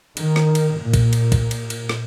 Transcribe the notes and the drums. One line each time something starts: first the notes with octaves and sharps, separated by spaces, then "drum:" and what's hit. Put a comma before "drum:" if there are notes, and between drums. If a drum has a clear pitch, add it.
D#3, drum: cymbal
drum: rim click
drum: cymbal
A#2
drum: kick, cymbal
drum: cymbal
drum: kick, cymbal
drum: cymbal
drum: cymbal
drum: rim click